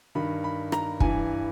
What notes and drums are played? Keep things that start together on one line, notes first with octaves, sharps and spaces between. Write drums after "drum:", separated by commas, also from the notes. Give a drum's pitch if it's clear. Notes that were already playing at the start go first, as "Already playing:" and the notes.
G2 D#3 B5
B5
A#5, drum: rim click
G2 E3 G#5, drum: kick